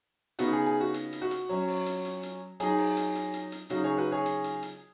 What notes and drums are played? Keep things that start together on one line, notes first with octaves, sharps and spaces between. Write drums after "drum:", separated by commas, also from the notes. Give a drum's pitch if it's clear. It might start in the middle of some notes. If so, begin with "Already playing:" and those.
C#3 B3 D#4 F#4, drum: hi-hat
G#4
G#4
F#4
drum: hi-hat
drum: hi-hat
F#4
drum: hi-hat
F#3 C#4
drum: open hi-hat
drum: hi-hat
drum: hi-hat
drum: hi-hat
F#3 D#4 G#4, drum: hi-hat
drum: open hi-hat
drum: hi-hat
drum: hi-hat
drum: hi-hat
drum: hi-hat
C#3 F#3 D#4 F#4, drum: hi-hat
G#4 C#5
F#4 B4
G#4 C#5
drum: hi-hat
drum: hi-hat
drum: hi-hat